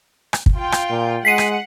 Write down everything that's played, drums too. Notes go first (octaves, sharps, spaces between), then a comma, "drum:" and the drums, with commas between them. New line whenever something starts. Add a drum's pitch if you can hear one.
drum: rim click
drum: kick
F4 G5
drum: rim click
A#2
G#3 F#5 B6 C7 D#7
drum: rim click